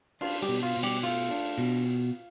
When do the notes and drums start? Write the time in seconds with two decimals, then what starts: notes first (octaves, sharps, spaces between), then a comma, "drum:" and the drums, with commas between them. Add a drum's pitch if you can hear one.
0.21 D4 F4, drum: cymbal
0.42 G3 G4
0.48 B2
0.63 F4
0.76 B2
0.83 G3 G4, drum: cymbal
1.03 A3 F4
1.30 D4
1.58 B2